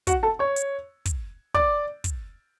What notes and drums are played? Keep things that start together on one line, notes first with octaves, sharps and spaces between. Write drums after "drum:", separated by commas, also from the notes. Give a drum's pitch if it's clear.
F#4 F#5, drum: kick, hi-hat
A4 A5
C#5 C#6
drum: hi-hat
drum: kick, hi-hat
D5 D6, drum: kick
drum: kick, hi-hat